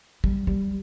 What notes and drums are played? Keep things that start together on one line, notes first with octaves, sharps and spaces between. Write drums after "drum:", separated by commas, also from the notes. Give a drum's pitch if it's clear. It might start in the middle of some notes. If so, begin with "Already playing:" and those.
G3, drum: kick
G3